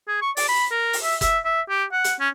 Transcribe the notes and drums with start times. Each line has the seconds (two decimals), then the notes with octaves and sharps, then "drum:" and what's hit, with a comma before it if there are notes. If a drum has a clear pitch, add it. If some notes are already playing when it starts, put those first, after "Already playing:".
0.08 G#4
0.22 C#6
0.37 D5, drum: open hi-hat
0.48 B5
0.71 A#4
0.93 drum: open hi-hat
1.03 E5
1.21 E5, drum: kick F#1, hi-hat
1.45 E5
1.69 G4
1.92 F#5
2.04 drum: hi-hat
2.20 C#4